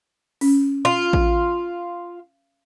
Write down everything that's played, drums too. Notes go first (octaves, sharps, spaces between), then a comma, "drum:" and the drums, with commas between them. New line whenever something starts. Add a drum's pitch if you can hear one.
C#4, drum: open hi-hat
F4
drum: kick A1